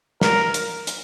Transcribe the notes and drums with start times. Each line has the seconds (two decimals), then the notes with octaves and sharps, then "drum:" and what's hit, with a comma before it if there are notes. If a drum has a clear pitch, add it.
0.21 A#4, drum: snare
0.54 drum: hi-hat
0.87 drum: hi-hat